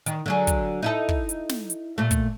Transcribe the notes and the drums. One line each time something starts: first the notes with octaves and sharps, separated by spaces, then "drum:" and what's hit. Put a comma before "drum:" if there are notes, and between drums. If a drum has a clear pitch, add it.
D#3, drum: hi-hat
D3 F#3 G#4
drum: kick, hi-hat
D#4 E4 A4
drum: kick
drum: hi-hat
drum: snare
drum: hi-hat
A#2 A3
drum: kick, hi-hat